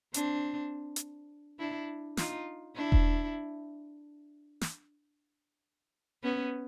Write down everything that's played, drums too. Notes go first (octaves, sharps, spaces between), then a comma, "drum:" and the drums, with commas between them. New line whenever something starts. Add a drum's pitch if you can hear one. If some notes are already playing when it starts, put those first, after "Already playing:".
C4 D4, drum: hi-hat
drum: hi-hat
D4 E4
D#4 F4, drum: snare
D4 E4
drum: kick E1
drum: snare
B3 C#4